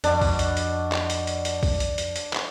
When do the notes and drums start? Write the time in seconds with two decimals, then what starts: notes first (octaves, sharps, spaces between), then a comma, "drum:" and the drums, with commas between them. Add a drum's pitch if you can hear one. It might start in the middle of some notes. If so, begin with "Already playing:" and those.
0.04 F2 B2 D4 D5, drum: hi-hat
0.21 drum: kick, open hi-hat
0.39 drum: hi-hat
0.57 drum: hi-hat
0.92 drum: clap
1.10 drum: hi-hat
1.27 drum: hi-hat
1.45 drum: hi-hat
1.63 drum: kick, open hi-hat
1.80 drum: hi-hat
1.98 drum: hi-hat
2.16 drum: hi-hat
2.33 drum: clap